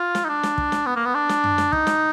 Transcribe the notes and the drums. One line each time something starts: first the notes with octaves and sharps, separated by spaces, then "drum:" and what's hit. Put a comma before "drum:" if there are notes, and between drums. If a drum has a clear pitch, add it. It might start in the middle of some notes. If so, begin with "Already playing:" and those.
Already playing: F4
drum: snare
D#4
D4
drum: snare
drum: kick
drum: snare
B3
A#3
B3
D4
drum: snare
drum: tom F#2
drum: snare
D#4, drum: kick
drum: snare